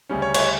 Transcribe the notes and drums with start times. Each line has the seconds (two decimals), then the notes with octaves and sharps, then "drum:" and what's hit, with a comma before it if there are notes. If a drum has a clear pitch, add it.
0.09 D2 C#3 G3 C#4
0.22 C#5
0.34 C#5, drum: cymbal